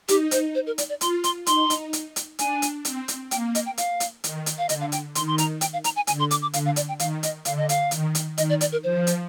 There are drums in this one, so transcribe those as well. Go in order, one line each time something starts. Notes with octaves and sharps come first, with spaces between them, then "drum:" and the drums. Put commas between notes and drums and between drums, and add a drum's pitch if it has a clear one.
D#4 G4, drum: hi-hat
C5, drum: hi-hat
C5
A#4
D5, drum: hi-hat
D5
F4 C6, drum: hi-hat
C6, drum: hi-hat
D#4 C6, drum: hi-hat
drum: hi-hat
drum: hi-hat
drum: hi-hat
D4 G#5, drum: hi-hat
drum: hi-hat
C4, drum: hi-hat
drum: hi-hat
A#3 G5, drum: hi-hat
D#5, drum: hi-hat
G5
F5, drum: hi-hat
drum: hi-hat
D#3, drum: hi-hat
drum: hi-hat
F5
D3 D#5, drum: hi-hat
F5
G5, drum: hi-hat
D#3 C6, drum: hi-hat
C6
A#5, drum: hi-hat
G5, drum: hi-hat
F5
A#5, drum: hi-hat
G#5
D3 G#5, drum: hi-hat
C6
D6, drum: hi-hat
D6
D3 F5, drum: hi-hat
F5
D5, drum: hi-hat
G5
D#3 F5, drum: hi-hat
D#5, drum: hi-hat
D3 F5, drum: hi-hat
D#5
F5, drum: hi-hat
D#3, drum: hi-hat
drum: hi-hat
D#3 D#5, drum: hi-hat
D5
D5, drum: hi-hat
A#4
F3 C5
drum: hi-hat